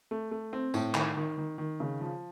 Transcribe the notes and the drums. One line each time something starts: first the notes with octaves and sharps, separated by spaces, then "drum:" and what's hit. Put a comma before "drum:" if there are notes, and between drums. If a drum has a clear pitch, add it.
A3
A3
C4
A2, drum: tambourine
D#3, drum: clap
D#3
D#3
D#3
C#3
F3